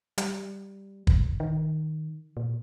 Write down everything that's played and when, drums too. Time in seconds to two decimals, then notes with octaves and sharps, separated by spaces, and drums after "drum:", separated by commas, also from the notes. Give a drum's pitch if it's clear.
0.18 G3, drum: hi-hat
1.07 drum: kick
1.40 D#3
2.37 A#2